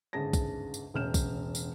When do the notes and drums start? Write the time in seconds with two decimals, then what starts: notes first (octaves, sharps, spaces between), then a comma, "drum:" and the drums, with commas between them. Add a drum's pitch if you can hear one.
0.13 G1 G#2 C#3 G#4 A5 A#6
0.33 drum: kick, tambourine
0.74 drum: tambourine
0.94 E1 A1 C#4 F6 G6 E7
1.14 drum: kick, tambourine
1.55 drum: tambourine